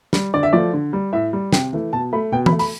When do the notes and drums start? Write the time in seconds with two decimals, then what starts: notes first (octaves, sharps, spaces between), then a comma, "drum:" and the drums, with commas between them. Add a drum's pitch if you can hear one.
0.13 G3, drum: snare
0.34 D3 D5
0.43 E5
0.53 F3 A3 D5
0.73 D3
0.93 G3
1.13 A2 E5
1.33 G3
1.53 C3 G5, drum: snare
1.73 E3 A3
1.93 B2 A5
2.13 A3 B5
2.32 B2 G5
2.46 B5, drum: tom E3
2.52 A3
2.59 B5, drum: open hi-hat